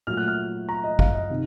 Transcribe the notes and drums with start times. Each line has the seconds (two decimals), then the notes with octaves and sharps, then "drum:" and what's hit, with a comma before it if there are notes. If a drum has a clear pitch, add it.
0.07 A#2 F#3 A3 F6
0.17 F#6
0.28 F6
0.69 A#5
0.84 D#5
0.99 F5, drum: kick G#1
1.15 D#5
1.30 C3 D#3